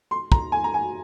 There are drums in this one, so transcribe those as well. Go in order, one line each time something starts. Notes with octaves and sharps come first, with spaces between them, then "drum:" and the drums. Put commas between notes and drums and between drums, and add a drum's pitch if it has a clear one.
C6
A#5, drum: kick
G#5
A#5
G#5